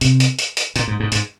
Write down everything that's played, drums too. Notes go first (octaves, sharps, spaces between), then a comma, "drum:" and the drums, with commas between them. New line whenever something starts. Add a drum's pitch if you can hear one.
C3, drum: hi-hat
drum: hi-hat
drum: hi-hat
drum: hi-hat
A#2, drum: hi-hat
G#2
G#2
G#2, drum: hi-hat